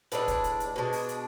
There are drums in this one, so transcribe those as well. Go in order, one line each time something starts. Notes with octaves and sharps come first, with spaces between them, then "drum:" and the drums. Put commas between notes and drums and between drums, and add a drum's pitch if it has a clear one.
A2 G#3 D4 B4, drum: hi-hat
drum: kick, hi-hat
drum: hi-hat
drum: hi-hat
B2 G#3 D4
drum: open hi-hat
drum: hi-hat